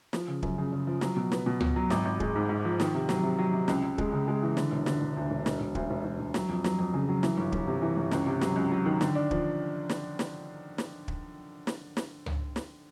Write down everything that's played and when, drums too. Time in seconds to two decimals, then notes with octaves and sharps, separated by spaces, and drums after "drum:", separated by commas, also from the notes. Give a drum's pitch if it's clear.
0.13 F3, drum: snare
0.28 C#3
0.42 F#2, drum: kick
0.58 C#3
0.73 C#3
0.87 F3
1.01 F#3, drum: snare
1.16 B2
1.32 B3, drum: snare
1.46 B2
1.60 B2, drum: tom C#2
1.76 F#3
1.90 G#1, drum: snare
2.05 G#1
2.20 G#3, drum: kick
2.35 G#2
2.49 G#2
2.65 F3
2.80 D#3, drum: snare
2.95 C3
3.09 F#3, drum: snare
3.23 C3
3.38 F#3
3.53 C3
3.68 C#2, drum: snare
3.83 C#2
3.98 G#3, drum: kick
4.12 C#3
4.28 G#3
4.42 E3
4.57 D3, drum: snare
4.71 E1
4.86 D3, drum: snare
5.01 E1
5.17 D2
5.30 E1
5.46 E1, drum: snare
5.60 E1
5.75 D2, drum: kick
5.90 E1
6.05 E1
6.19 E1
6.34 F#3, drum: snare
6.49 F2
6.64 F#3, drum: snare
6.78 F2
6.94 C#3
7.09 F#3
7.23 E3, drum: snare
7.38 G1
7.52 G1, drum: kick
7.67 C3
7.82 E3
7.97 G1
8.11 C#2, drum: snare
8.27 C3
8.41 F#3, drum: snare
8.56 C#2
8.72 F#3
8.85 D#3
9.01 D3, drum: snare
9.15 D4
9.31 F3, drum: kick
9.89 drum: snare
10.19 drum: snare
10.78 drum: snare
11.08 drum: kick
11.67 drum: snare
11.97 drum: snare
12.26 drum: tom C#2
12.56 drum: snare